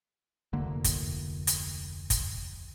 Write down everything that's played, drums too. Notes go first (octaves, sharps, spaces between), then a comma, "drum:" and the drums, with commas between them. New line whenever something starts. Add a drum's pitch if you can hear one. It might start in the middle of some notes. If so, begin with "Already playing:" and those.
F1 D2 D3 A#3
drum: kick, hi-hat
drum: hi-hat
drum: kick, hi-hat